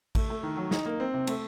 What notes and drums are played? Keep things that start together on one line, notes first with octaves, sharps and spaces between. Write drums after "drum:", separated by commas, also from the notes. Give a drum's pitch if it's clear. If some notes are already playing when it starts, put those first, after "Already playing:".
A3, drum: kick A1, cymbal
A3
D#3
F#3
D#4, drum: snare
A#3
C4
C3
A3, drum: cymbal